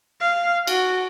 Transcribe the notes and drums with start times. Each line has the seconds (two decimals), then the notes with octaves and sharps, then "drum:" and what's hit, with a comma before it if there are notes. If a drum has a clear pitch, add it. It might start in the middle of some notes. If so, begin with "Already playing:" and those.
0.21 F5
0.67 F#4, drum: cymbal